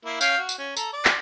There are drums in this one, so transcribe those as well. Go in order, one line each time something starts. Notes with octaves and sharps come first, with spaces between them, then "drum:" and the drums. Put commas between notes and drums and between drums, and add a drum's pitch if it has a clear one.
A#3 E4
C#4 F5 G5, drum: tambourine
F#4
drum: tambourine
C#4
A4 A#5, drum: tambourine
D5
drum: clap